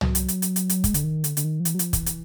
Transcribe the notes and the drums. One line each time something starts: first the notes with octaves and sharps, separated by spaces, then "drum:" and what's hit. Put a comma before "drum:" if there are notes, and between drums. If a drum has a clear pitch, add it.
F#3, drum: tom
drum: hi-hat
drum: hi-hat
drum: hi-hat
drum: hi-hat
drum: hi-hat
G#3, drum: kick, hi-hat
D3, drum: hi-hat
D#3
D3, drum: hi-hat
D3, drum: hi-hat
D#3
F3
E3, drum: hi-hat
F#3
F3, drum: hi-hat
E3, drum: kick, hi-hat
drum: hi-hat